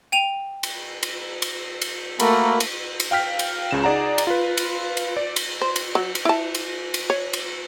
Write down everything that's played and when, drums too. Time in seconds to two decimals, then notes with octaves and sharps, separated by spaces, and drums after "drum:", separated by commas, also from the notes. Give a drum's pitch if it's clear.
0.12 G5 D#7 F7
0.63 drum: cymbal
1.03 drum: cymbal
1.42 drum: cymbal
1.82 drum: cymbal
2.20 A3 A#3 F#4 A#4 B5, drum: cymbal
2.60 drum: cymbal
3.00 drum: cymbal
3.11 F5 G5 F6 B6
3.39 drum: cymbal
3.71 C#2 C#3 E7
3.84 D#4 G#4 D5 F#5 A#5
4.18 drum: cymbal
4.27 F4 B4
4.57 drum: cymbal
4.97 drum: cymbal
5.17 D5
5.36 drum: cymbal
5.61 C5
5.76 drum: cymbal
5.95 F#3
6.15 drum: cymbal
6.25 E4 A5
6.55 drum: cymbal
6.94 drum: cymbal
7.10 C#5
7.33 drum: cymbal